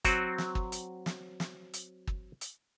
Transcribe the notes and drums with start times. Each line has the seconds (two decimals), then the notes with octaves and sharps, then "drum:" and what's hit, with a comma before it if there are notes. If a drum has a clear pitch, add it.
0.05 F#3 C4 F#4, drum: kick, hi-hat
0.38 drum: snare
0.55 drum: kick
0.72 drum: hi-hat
1.06 drum: snare
1.40 drum: snare
1.74 drum: hi-hat
2.07 drum: kick
2.41 drum: hi-hat